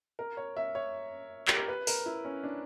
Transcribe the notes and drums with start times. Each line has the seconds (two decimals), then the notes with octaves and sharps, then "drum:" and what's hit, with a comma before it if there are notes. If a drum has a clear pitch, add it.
0.19 A#4
0.37 C#5
0.57 E5
0.75 C#5
1.48 G4, drum: clap
1.58 A#4
1.68 B4
1.87 A#4, drum: open hi-hat
2.06 E4
2.25 C#4
2.44 D4